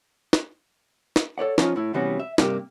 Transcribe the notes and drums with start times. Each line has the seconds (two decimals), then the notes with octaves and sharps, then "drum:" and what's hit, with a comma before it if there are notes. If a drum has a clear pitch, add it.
0.33 drum: snare
1.16 drum: snare
1.38 A4 C#5 D5 F#5
1.58 F3 C#4 D#4 F4, drum: snare
1.76 A2 E4
1.94 C3 E3 G3 B3 C#4 F#4
2.20 E5
2.38 G2 C3 A#3 G4, drum: snare